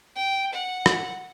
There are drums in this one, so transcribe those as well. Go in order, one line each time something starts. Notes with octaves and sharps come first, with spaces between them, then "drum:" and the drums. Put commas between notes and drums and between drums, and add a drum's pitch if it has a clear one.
G5
F#5
drum: rim click